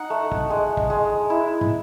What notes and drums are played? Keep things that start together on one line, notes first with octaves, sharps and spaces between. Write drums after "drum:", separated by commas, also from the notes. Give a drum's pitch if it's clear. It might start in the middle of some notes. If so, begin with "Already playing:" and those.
Already playing: D#4 F#5
A3
drum: kick
G#3
drum: kick
G#3
E4
drum: tom